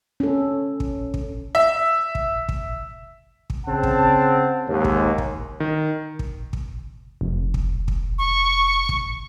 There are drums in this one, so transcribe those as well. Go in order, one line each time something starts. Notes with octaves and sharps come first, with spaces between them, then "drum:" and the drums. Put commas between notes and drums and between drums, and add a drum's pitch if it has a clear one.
C#4 A4
drum: kick
drum: kick
E5
drum: kick
drum: kick
drum: kick
C#3 C4 F#5 A5
drum: kick
D#2 G#2
drum: kick
drum: kick
D#3
drum: kick
drum: kick
F1
drum: kick
drum: kick
C#6
drum: kick